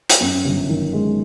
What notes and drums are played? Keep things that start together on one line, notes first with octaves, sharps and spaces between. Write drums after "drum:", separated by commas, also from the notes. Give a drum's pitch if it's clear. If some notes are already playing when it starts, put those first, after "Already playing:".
drum: hi-hat
F#2
G1
D#3
G#3